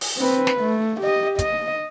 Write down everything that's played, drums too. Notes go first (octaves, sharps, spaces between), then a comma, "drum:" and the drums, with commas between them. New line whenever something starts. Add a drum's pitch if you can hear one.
drum: open hi-hat
C4 B4
drum: snare
A3
G4 D#5
D#5, drum: kick, hi-hat